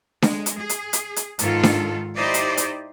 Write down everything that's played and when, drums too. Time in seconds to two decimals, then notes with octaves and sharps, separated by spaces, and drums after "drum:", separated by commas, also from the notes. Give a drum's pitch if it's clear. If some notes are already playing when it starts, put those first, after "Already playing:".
0.22 G#3, drum: snare D4
0.46 drum: hi-hat
0.59 G#4
0.69 drum: hi-hat
0.93 drum: hi-hat
1.16 drum: hi-hat
1.39 G#2 D#3 F4 A4, drum: hi-hat
1.63 drum: snare D4
2.17 D#4 E4 G4 C5 D5 D#5
2.34 drum: hi-hat
2.57 drum: hi-hat